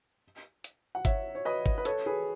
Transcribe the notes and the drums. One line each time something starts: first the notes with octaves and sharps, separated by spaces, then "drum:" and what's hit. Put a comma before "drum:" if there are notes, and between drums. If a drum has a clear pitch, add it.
drum: hi-hat
F#5
C#5 E5, drum: kick, hi-hat
C#5
B4 D#5
drum: kick
B4
A4 C#5, drum: hi-hat
G#4 B4